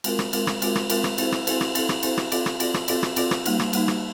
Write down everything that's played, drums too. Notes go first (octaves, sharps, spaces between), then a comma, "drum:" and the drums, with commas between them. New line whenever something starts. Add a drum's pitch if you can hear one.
G#3 C4 F4 A#4, drum: cymbal
drum: rim click
G#3 C4 F4 A#4, drum: cymbal
drum: rim click
G#3 C4 F4 A#4, drum: cymbal
drum: rim click
G#3 C4 F4 A#4, drum: cymbal
drum: rim click
C4 E4 A4 C5, drum: cymbal
drum: rim click
C4 E4 A4 C5, drum: cymbal
drum: rim click
C4 E4 A4 C5, drum: cymbal
drum: rim click
C4 E4 A4 C5, drum: cymbal
drum: rim click
C4 F4 A4 D5, drum: cymbal
drum: rim click
C4 F4 A4 D5, drum: cymbal
drum: rim click
C4 F4 A4 D5, drum: cymbal
drum: rim click
C4 F4 A4 D5, drum: cymbal
drum: rim click
G3 A#3 D#4, drum: cymbal
drum: rim click
G3 A#3 D#4, drum: cymbal
drum: rim click